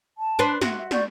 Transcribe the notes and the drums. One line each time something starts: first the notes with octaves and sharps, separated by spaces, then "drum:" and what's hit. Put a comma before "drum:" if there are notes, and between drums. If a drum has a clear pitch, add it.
A5
D4 B4 C5
F#4 E5, drum: snare
E5
D5 C#6 G6, drum: snare